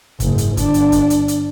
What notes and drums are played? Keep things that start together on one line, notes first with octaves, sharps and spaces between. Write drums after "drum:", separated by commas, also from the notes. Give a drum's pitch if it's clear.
F#1 G#2, drum: kick F#1, hi-hat
drum: hi-hat
G1 D4, drum: kick F#1, hi-hat
drum: hi-hat
drum: kick F#1, hi-hat
drum: hi-hat
drum: hi-hat